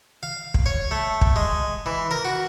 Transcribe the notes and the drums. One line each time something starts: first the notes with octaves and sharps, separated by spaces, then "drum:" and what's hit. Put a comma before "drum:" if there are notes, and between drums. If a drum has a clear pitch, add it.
F5
drum: kick
C#5
A3
drum: kick
G#3
E3
A#4
F#4